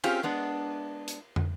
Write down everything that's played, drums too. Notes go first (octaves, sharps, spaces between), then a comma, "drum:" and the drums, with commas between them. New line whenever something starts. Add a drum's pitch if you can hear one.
C4 C#4 F4 G4 G#4, drum: cymbal
G#3 B3 D4
drum: hi-hat
drum: tom